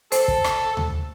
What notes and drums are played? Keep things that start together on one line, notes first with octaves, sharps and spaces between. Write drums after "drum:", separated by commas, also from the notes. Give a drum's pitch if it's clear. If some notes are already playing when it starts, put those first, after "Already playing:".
A4 C5, drum: hi-hat
drum: kick
drum: rim click
drum: tom D2